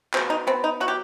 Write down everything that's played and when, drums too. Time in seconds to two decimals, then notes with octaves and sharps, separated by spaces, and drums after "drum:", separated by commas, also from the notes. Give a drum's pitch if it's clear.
0.14 B2 C4, drum: clap
0.30 D#4
0.47 B3 C4
0.64 D#4
0.80 F#3 F#4
0.88 G4